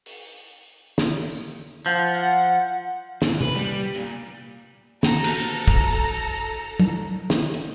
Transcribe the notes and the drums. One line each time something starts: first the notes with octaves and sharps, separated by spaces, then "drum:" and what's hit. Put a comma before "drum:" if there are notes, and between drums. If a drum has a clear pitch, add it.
drum: open hi-hat
drum: snare
drum: tambourine
F3 F#5
G#2, drum: snare
B4, drum: tom
G3
A#2
A4 A#5, drum: snare
drum: cymbal
drum: kick
drum: tom
drum: snare
drum: hi-hat